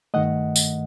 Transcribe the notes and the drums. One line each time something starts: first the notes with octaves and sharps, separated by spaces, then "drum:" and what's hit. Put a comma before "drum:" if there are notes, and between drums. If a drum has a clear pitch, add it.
G2 D#3 A3 D#5 F#5
drum: tambourine